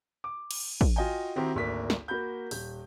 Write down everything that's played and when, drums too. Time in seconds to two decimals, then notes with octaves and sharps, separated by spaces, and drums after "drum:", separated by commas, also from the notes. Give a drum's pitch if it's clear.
0.24 D6
0.51 drum: cymbal
0.81 drum: kick
0.96 F4 F#4 D#5 F5 G5 G#5
1.36 D#3 C4 E4 F#4 G4 A#4
1.55 G#1 D2 A#3 D4 B6
1.90 drum: snare
2.08 A#3 F#4 B5 G6
2.51 D#1 G6, drum: open hi-hat